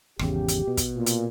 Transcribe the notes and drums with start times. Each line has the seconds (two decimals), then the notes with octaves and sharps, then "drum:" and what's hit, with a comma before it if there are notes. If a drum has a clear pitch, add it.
0.19 G#1 E2 C#3 G4, drum: rim click
0.48 drum: hi-hat
0.67 B2
0.77 drum: kick, hi-hat
0.96 A#2
1.06 drum: hi-hat